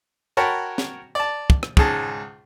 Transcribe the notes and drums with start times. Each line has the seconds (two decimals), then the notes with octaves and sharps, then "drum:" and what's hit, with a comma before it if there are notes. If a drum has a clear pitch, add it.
0.37 F#4 A#4 C#5 G5 A5 B5
0.78 drum: snare
1.15 D5 A5
1.50 drum: kick
1.63 drum: rim click
1.77 C#2 G#2 G#4 A5, drum: kick